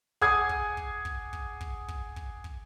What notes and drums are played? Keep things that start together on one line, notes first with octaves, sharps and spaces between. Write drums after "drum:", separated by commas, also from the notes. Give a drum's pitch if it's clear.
G#4 F#5 G#5 D6 D#6 G#6, drum: kick
drum: kick
drum: kick
drum: kick
drum: kick
drum: kick
drum: kick
drum: kick
drum: kick